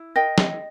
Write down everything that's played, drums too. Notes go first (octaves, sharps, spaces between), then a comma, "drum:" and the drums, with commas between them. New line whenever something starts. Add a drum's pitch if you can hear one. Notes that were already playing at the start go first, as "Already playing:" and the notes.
Already playing: E4
A#4 D#5 G5
E4, drum: snare